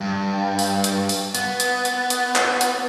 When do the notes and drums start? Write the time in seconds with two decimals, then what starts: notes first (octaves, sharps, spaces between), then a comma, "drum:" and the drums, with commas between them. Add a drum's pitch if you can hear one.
0.01 G2
0.59 drum: open hi-hat
0.84 drum: hi-hat
1.09 drum: open hi-hat
1.35 B3, drum: hi-hat
1.60 drum: hi-hat
1.85 drum: hi-hat
2.10 drum: hi-hat
2.36 drum: clap
2.61 drum: hi-hat